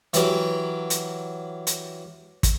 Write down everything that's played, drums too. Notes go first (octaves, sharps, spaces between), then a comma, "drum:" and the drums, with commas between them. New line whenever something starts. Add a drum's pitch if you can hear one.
E3 F#3 G4 A#4, drum: hi-hat
drum: hi-hat
drum: hi-hat
drum: kick, hi-hat